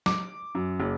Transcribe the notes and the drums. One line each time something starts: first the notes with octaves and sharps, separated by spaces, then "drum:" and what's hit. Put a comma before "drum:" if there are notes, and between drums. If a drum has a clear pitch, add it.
D6, drum: snare F#3
F#2
F#1